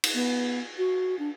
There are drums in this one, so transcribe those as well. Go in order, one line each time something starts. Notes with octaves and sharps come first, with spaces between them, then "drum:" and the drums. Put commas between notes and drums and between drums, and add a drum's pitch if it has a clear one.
drum: cymbal
B3
F#4
D4